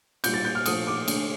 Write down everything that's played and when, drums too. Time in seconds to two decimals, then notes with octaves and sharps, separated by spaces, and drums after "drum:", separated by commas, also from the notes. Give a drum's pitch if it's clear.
0.24 A#2 G3 G6, drum: cymbal
0.34 A6
0.45 G6
0.55 F6
0.66 A#2 F3 A3 D#6, drum: cymbal
0.87 D6
1.08 D3 A3, drum: cymbal